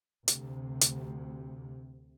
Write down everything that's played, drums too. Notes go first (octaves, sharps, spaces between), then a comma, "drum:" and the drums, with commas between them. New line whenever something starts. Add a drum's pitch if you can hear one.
D2 C3, drum: hi-hat
drum: hi-hat